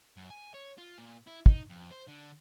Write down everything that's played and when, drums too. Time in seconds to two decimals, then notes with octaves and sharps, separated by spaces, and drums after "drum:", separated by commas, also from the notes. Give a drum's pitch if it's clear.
0.17 F#2
0.30 G#5
0.54 C#5
0.78 F4
0.98 A#2
1.27 E4
1.46 D#4, drum: kick
1.69 F2
1.91 C5
2.08 D3